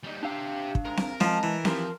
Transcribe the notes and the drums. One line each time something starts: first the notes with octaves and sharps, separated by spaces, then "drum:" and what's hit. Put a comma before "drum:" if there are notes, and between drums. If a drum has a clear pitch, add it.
G3 D#4
D4 G4 E5 F5
drum: kick
G#2 C3 G#3 A#4
drum: snare C4
F3 G#3 C#4 A5, drum: snare C4
E3
F3 D#4 G4 A#4 C6, drum: snare C4